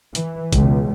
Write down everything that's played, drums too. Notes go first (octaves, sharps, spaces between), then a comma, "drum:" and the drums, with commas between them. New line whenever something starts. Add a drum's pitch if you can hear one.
E3, drum: hi-hat
C#2 B2, drum: kick G#1, hi-hat